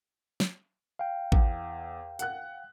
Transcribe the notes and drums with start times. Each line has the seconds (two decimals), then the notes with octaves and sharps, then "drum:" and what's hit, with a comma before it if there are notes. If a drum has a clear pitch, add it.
0.40 drum: snare
0.99 F5 G5
1.32 E2, drum: kick A1
2.19 F#5 F#6, drum: hi-hat